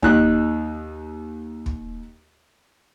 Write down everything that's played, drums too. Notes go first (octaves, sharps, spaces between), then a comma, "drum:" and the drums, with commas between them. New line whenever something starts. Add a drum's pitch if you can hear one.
D#2 D#4 F#6, drum: kick
drum: kick